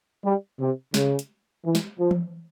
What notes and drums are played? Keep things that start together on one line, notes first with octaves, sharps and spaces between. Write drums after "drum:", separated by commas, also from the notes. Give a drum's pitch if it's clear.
G3
C3
C#3, drum: snare
drum: hi-hat
E3
drum: snare
F3
drum: tom E3